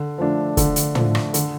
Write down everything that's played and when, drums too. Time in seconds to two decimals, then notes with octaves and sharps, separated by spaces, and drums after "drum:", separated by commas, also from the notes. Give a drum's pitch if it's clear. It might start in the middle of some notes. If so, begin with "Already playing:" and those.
Already playing: D3
0.18 F3 A3 D4
0.57 D3, drum: kick, hi-hat
0.76 drum: hi-hat
0.95 F3 A3 D4, drum: tom
1.15 drum: rim click
1.34 D3, drum: hi-hat